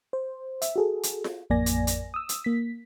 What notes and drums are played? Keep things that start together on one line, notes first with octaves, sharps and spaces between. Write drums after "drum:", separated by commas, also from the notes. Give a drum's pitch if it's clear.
C5
E5, drum: hi-hat
F#4 G#4 A4
drum: hi-hat
drum: snare F4
A1 F2 A#3 D5 G#5 A#6
drum: hi-hat
drum: hi-hat
D#6 E6
drum: hi-hat
A#3 B6